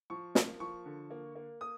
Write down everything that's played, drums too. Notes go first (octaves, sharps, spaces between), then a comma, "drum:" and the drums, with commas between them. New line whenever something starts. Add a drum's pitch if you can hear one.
F3 C#6
A#3, drum: snare
F3 C#6
D3
A#3
A#3
A#3 D#6